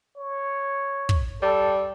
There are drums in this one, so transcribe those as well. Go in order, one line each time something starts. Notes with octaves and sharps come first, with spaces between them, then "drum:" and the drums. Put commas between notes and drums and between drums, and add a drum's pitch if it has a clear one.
C#5
drum: kick
G3 A4